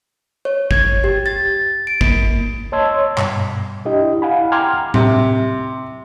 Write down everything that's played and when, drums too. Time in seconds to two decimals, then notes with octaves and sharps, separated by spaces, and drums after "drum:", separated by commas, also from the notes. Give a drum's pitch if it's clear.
0.45 C#5
0.71 G#6, drum: kick G#1
1.04 G4
1.26 A6
1.87 D7
2.01 A#3, drum: kick G#1
2.72 C#5 D#5 A5 C6 E6 G#6
3.18 G2 B2, drum: clap
3.85 D4 E4 G4 D#5
4.22 E4 F5 F#5 G#5 B5
4.52 G5 A#5 C6 D6 F6 G#6
4.94 C3, drum: tom A2